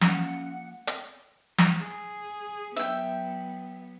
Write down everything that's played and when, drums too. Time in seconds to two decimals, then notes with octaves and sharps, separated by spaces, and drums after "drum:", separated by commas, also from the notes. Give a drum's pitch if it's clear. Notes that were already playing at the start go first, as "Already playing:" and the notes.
0.01 F3 G#3 A#3 C#4 F#5, drum: snare
0.87 drum: hi-hat
1.58 drum: snare
1.79 G#4
2.76 F#3 B3 E5 G5